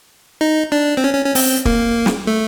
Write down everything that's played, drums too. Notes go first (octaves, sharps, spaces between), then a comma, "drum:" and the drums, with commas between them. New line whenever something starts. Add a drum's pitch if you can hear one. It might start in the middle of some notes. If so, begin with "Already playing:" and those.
D#4
D4
C4
C#4
C#4
C#4
C4, drum: open hi-hat
A#3, drum: kick
drum: snare
A3